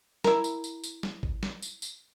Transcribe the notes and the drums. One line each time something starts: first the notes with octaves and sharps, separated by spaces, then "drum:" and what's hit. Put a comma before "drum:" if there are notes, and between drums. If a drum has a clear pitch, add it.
E4 A#4, drum: snare
drum: tambourine
drum: tambourine
drum: tambourine
drum: snare
drum: kick A1
drum: snare
drum: tambourine
drum: tambourine